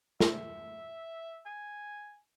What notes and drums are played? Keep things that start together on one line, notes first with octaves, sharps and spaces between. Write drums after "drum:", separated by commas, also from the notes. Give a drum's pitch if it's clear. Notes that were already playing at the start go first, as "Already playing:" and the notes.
E5, drum: snare
G#5